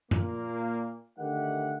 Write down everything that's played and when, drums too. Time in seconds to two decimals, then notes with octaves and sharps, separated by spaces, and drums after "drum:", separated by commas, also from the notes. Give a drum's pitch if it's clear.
0.11 A#2 A#3, drum: tom F#2
1.19 D3 D#3 A3 G4 F#5